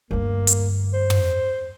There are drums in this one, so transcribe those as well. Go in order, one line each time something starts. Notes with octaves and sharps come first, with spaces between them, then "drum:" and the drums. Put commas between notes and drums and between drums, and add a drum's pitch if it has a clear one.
D2 G2 A#3
drum: hi-hat
C5
drum: tom